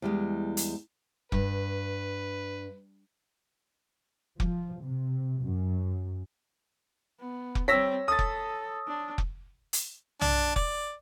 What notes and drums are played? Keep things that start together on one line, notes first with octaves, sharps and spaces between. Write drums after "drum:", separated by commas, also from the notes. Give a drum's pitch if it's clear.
E2 G3 G#3
drum: hi-hat
G2 B4, drum: kick F1
F3, drum: kick F1
C3
F#2
B3
drum: kick F1
G3 C4 C#5 E6 A#6 B6
A4 D#6 A6
drum: kick F1
D4
drum: kick F1
drum: hi-hat
D4, drum: tom B1
D5, drum: kick F1